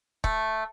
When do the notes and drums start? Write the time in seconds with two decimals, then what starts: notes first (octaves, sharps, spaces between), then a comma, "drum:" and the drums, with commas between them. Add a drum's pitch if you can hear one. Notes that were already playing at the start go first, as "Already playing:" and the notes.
0.24 A3, drum: kick